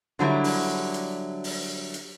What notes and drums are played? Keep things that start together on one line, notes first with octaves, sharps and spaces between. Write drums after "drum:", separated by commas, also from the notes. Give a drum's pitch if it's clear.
D3 F#3 G3 E4
drum: open hi-hat
drum: hi-hat
drum: open hi-hat
drum: hi-hat